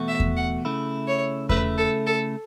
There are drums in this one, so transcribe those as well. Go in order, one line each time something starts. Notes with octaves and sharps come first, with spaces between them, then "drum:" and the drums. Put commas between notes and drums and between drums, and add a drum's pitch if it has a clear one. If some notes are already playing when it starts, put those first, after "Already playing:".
Already playing: E2 B2 A3 F#4
E5
drum: kick E2
F#5
C#3 A3 E4
C#5
C#3 A3 E4 B4, drum: kick E2
A4
A4